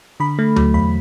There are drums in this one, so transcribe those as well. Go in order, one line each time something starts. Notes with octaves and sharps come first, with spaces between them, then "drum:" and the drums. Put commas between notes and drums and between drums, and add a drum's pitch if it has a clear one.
D3 B5
A3
F#3, drum: tom D2
E2 B5